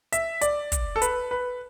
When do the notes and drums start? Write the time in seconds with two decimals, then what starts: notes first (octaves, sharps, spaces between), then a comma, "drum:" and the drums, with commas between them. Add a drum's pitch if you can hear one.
0.12 E5, drum: hi-hat
0.41 D5, drum: hi-hat
0.72 drum: kick, hi-hat
0.96 A4
1.02 B4, drum: hi-hat
1.31 B4